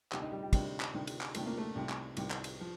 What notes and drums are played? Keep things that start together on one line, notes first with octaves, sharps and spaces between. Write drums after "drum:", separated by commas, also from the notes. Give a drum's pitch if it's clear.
D2 C3 D#3 G4, drum: clap
D#4
G3
G3
D2 C3 D#3 G3, drum: kick, cymbal
drum: clap
D2 C3 D#3
drum: cymbal
drum: clap
D2 C3 D#3 A3, drum: cymbal
A#3
A3
C2 C3 D#3
drum: clap
C2 C3 D#3, drum: cymbal
drum: clap
drum: cymbal
F3